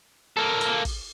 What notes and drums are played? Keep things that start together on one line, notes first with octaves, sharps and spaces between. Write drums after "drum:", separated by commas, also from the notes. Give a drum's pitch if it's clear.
A#3 A4
drum: hi-hat
drum: kick, open hi-hat